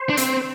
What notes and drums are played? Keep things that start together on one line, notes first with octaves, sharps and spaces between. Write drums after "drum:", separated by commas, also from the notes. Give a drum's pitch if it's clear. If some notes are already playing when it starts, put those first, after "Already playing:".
Already playing: C5
D4
C4, drum: hi-hat